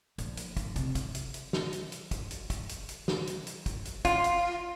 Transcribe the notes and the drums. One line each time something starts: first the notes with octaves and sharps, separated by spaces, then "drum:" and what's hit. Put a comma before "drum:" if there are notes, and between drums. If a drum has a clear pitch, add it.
A#1, drum: hi-hat
drum: hi-hat
drum: kick, hi-hat
C3, drum: hi-hat
drum: kick, hi-hat
drum: hi-hat
drum: hi-hat
drum: snare
drum: hi-hat
drum: hi-hat
drum: kick, hi-hat
drum: hi-hat
drum: kick, hi-hat
drum: hi-hat
drum: hi-hat
drum: snare
drum: hi-hat
drum: hi-hat
drum: kick, hi-hat
drum: hi-hat
F4, drum: kick, hi-hat
drum: hi-hat